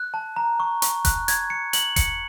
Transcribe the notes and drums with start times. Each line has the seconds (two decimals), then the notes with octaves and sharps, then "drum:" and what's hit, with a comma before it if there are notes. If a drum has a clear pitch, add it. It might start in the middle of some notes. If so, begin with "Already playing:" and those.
Already playing: F#6
0.14 A5
0.36 A#5
0.60 C#6
0.82 C#6, drum: hi-hat
1.05 F#6, drum: kick E1, hi-hat
1.28 G#6, drum: hi-hat
1.50 C#7
1.73 F#7, drum: hi-hat
1.96 C#7, drum: kick E1, hi-hat